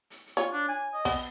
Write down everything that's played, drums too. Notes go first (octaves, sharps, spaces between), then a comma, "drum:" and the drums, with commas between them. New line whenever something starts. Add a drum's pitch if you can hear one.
drum: hi-hat
drum: hi-hat
F4 C#5
D4
G#5
D#5
B3, drum: kick, open hi-hat